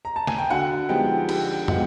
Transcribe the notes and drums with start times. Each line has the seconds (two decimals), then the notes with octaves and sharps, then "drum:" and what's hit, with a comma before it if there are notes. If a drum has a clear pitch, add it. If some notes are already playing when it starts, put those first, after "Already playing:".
0.05 A#5
0.16 A5
0.27 G#5, drum: snare
0.38 G5
0.50 D3 F#4 F#5
0.89 F3 G#3 B3 D#4 G4 G5
1.29 D3 G4 G5, drum: cymbal
1.68 F3 G#3 B3 D#4 F#4 F#5, drum: tom